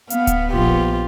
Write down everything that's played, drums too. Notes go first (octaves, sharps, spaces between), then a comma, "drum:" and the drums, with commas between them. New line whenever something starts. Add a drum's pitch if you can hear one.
B3 F5, drum: hi-hat
drum: kick D1, hi-hat
A#1 F4 G4